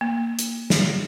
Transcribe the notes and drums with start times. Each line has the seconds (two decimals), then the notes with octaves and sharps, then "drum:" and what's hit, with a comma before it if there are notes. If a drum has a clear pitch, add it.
0.01 A#3
0.39 drum: hi-hat
0.70 drum: snare